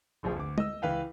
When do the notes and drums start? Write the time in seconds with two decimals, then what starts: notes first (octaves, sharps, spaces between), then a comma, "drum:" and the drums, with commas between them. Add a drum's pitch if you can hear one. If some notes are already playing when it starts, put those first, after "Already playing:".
0.23 F1 A#1 F3 G#4
0.36 D2 D6
0.58 D#5 E6, drum: tom G#3
0.82 C#2 E3 B4 F5 G5